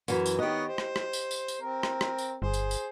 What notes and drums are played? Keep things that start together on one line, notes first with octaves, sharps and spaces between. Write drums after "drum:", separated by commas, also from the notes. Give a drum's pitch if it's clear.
F#2 E3, drum: tambourine
drum: tambourine
D#3 B3 G4 C#5 D#5
C5
drum: rim click
drum: rim click
drum: tambourine
drum: tambourine
drum: tambourine
C4 A#4
drum: rim click
drum: rim click
drum: tambourine
G1 G#4 C5
drum: tambourine
drum: tambourine